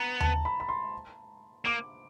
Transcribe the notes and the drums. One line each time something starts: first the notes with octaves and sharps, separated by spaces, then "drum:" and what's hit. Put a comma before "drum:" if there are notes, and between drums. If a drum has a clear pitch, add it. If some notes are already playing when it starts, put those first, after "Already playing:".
Already playing: B3 A#5
A5, drum: tom D#2
B5
B5
C6
A#3 D6